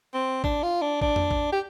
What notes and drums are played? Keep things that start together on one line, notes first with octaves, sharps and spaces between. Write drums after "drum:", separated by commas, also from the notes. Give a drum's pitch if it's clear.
C4
D4, drum: kick A1
F4
D4
D4, drum: kick A1
drum: tom F2
drum: kick A1
G4